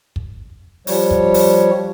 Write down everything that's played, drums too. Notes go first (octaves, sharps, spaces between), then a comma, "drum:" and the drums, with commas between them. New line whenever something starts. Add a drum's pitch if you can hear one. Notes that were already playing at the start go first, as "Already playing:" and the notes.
drum: kick
F3 G3 C#5, drum: open hi-hat
drum: kick
drum: open hi-hat